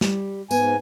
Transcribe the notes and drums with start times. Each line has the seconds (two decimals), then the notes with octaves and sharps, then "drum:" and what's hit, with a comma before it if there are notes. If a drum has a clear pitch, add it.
0.01 G3, drum: snare
0.51 G#2 B3 G#5, drum: tambourine